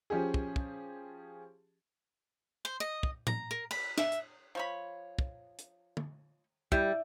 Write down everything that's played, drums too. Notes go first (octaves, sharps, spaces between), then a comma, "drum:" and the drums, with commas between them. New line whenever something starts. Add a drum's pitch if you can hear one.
F3 C#4 G4 G#4
drum: kick
drum: kick
C5
D#5
drum: kick
A#5, drum: tom A2
A#4
B5, drum: cymbal
E5, drum: snare
drum: hi-hat
F3 C#5 B5
drum: kick
drum: hi-hat
drum: tom D3
G3 E4, drum: kick